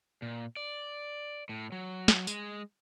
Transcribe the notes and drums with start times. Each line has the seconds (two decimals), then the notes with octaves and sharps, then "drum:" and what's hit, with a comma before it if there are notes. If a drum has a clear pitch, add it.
0.22 A#2
0.57 D5
1.49 A2
1.72 F#3
2.08 drum: snare
2.27 G#3, drum: tambourine